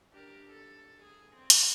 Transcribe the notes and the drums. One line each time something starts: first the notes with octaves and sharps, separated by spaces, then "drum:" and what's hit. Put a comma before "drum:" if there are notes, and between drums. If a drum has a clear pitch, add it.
D4 G4 A#4
A4
G#4
C4
drum: hi-hat